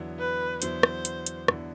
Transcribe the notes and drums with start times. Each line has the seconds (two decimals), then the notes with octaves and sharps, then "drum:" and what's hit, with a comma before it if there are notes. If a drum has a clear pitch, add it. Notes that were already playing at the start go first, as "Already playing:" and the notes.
Already playing: E2 D3 F#3 B3 E4
0.19 B4
0.62 E2 D3 F#3 B3 E4 C5, drum: hi-hat
0.83 drum: rim click
1.05 drum: hi-hat
1.26 drum: hi-hat
1.48 E2 D3 F#3 B3 E4, drum: rim click